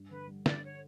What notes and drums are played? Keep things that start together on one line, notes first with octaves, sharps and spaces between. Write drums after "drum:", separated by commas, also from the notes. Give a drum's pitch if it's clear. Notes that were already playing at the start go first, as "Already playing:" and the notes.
Already playing: G2
D3 B4
G3
D3 D5, drum: snare
C#5